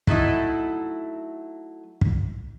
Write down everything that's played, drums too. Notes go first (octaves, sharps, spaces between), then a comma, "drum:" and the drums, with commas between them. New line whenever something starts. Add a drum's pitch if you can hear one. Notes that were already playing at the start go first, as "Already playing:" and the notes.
F#3 A3 D#4 E4, drum: kick
drum: kick